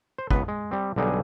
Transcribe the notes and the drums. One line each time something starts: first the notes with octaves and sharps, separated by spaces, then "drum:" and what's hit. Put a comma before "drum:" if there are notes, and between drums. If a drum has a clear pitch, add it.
C5
C#2 B3 B4, drum: kick
G#3
G3 C4
B1 D3 G3 D#4 G#4 G#5